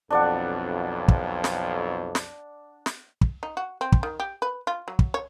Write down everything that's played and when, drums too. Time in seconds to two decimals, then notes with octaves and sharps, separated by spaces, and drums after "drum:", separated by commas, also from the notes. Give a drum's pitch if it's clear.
0.10 B1 F2 D4 D5 F#5
1.08 drum: kick
1.44 drum: snare
2.15 drum: snare
2.86 drum: snare
3.21 drum: kick
3.43 D#4
3.57 F#4
3.81 C4
3.92 drum: kick
4.03 D#3
4.20 G4
4.42 B4
4.67 F4
4.88 F#3
4.99 drum: kick
5.14 C#5